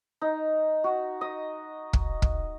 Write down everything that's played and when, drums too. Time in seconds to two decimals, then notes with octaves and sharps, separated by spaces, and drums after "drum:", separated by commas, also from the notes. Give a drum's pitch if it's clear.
0.21 D#4
0.84 F#4
1.21 D#5
1.93 drum: kick
2.22 drum: kick